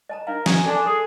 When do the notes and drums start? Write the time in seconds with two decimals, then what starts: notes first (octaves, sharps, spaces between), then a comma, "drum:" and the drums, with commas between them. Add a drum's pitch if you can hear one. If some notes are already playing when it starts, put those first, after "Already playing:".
0.09 D#5 A5 A#5
0.27 D4 A#4 F5
0.46 E5 G#5 A#5 C#6, drum: snare
0.66 D4 A4 G#5 C6
0.86 G#4 A4